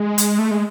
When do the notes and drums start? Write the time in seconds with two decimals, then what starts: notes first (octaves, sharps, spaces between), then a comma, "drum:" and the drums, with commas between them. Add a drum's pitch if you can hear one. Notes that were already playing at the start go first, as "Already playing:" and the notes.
Already playing: G#3
0.18 drum: hi-hat
0.39 A3
0.51 G#3